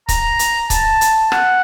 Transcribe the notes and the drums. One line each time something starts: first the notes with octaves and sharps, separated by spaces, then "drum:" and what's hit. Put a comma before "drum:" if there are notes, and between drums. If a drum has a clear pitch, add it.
A#5, drum: kick C#1, hi-hat
drum: hi-hat
A5, drum: kick C#1, hi-hat
drum: hi-hat
F#5, drum: rim click